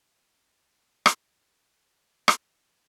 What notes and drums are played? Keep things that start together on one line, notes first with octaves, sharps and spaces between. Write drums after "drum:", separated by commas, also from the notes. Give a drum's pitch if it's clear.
D4 C5
drum: rim click
drum: rim click